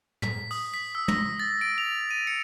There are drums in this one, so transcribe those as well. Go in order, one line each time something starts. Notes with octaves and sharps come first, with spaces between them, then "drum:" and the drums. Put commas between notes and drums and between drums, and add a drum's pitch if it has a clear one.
B6, drum: tom
D#6, drum: open hi-hat
B6
E6
A#6, drum: tom
A6
D7
F7
D#7
C#7